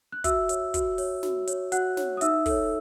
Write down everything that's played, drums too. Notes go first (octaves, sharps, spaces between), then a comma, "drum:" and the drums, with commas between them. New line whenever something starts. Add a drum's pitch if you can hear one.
F#6
F#4 E5 E6, drum: kick, hi-hat
C#5, drum: hi-hat
F#4, drum: kick, hi-hat
C#5, drum: open hi-hat
F#4, drum: snare
C#5, drum: hi-hat
F#4 F#5 F#6, drum: hi-hat
C#5, drum: snare
D#6
D#4 E5 E6, drum: hi-hat
A4 C#5, drum: kick, open hi-hat